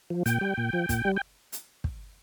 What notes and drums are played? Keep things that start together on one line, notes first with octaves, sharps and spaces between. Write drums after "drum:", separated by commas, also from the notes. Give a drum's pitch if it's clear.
F3
A#2 G5, drum: hi-hat
G3
A#2
F3
A#2, drum: kick, hi-hat
G3
G5
drum: hi-hat
drum: kick